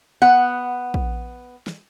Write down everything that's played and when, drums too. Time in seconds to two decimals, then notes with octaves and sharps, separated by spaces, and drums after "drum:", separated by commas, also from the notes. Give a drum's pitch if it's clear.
0.22 B3 F#5
0.94 drum: kick
1.67 drum: snare